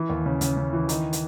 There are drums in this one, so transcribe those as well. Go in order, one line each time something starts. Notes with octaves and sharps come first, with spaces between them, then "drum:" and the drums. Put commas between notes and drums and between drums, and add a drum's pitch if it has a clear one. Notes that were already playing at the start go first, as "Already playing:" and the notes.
Already playing: E3
D#2
C#3
C#3, drum: hi-hat
C#3
E3
D#3, drum: hi-hat
drum: hi-hat